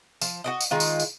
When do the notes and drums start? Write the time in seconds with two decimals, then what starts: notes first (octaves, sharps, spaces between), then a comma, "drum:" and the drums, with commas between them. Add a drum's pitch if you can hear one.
0.21 F3, drum: tambourine
0.44 F#4 A#4 D#5
0.61 drum: tambourine
0.71 D#3 G#3 F4
0.80 drum: tambourine
1.00 drum: tambourine